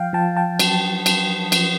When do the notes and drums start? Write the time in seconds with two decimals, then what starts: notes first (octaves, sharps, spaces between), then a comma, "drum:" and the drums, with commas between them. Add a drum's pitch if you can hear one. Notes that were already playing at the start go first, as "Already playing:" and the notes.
Already playing: F3 F5 G5
0.13 F3 G5 A5
0.37 G5 A5
0.60 F#3, drum: cymbal
1.06 F#3, drum: cymbal
1.52 F3, drum: cymbal